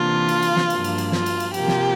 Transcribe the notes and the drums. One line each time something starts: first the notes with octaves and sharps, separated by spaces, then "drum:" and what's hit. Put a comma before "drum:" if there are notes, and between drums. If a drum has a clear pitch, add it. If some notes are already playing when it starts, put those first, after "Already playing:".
Already playing: C3 E3 A#3 D4 F4
drum: cymbal
drum: cymbal
drum: snare
G2 F3 A#3 D4, drum: cymbal
drum: cymbal
drum: cymbal
F4, drum: snare
drum: cymbal
drum: cymbal
C3 F3 A#3 G4, drum: cymbal
drum: snare